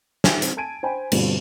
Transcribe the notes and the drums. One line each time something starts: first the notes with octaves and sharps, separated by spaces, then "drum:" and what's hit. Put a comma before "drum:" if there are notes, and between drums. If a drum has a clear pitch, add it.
E5 G5 G#5, drum: snare
C4, drum: hi-hat
G#5 A5 G#6 D7 D#7
C5 G5 G#5 B5
G2 B2 D3 G3 C4 F4, drum: cymbal